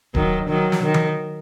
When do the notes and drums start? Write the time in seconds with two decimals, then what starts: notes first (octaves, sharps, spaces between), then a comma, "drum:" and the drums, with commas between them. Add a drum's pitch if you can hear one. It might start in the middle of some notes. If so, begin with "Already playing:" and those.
0.15 D#3 F#3, drum: kick D1
0.49 D#3 F#3
0.72 drum: snare
0.83 D#3
0.94 drum: tom D#3